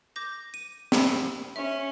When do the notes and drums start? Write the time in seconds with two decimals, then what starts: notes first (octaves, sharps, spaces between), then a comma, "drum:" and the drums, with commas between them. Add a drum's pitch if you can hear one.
0.16 D6 G6 A#6
0.54 D#7
0.92 G4 B5 E6, drum: snare
1.56 C#4 E5